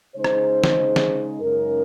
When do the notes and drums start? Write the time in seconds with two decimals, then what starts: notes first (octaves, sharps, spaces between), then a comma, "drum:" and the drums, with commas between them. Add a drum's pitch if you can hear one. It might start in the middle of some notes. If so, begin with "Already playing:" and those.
0.15 C#3 G#3 D#4 C5
0.24 drum: rim click
0.64 drum: snare
0.96 drum: snare
1.39 F#2 C#3 G#3 D#4 A#4